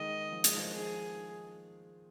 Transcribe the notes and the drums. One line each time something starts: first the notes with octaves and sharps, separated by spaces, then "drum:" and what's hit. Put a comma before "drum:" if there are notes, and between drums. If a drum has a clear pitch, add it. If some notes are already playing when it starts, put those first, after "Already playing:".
Already playing: D#3 G#3 D#5
F3
G#3, drum: hi-hat
F3
G#4